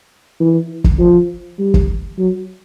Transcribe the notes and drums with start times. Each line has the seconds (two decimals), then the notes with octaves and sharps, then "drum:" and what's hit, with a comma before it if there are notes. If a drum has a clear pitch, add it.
0.40 E3
0.84 drum: kick
0.99 F3
1.59 G3
1.74 drum: kick
2.19 F#3